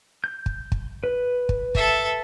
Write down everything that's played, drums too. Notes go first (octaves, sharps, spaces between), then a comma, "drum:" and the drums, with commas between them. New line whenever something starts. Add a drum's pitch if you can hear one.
G6
drum: kick
drum: kick
B4
drum: kick
A4 E5, drum: kick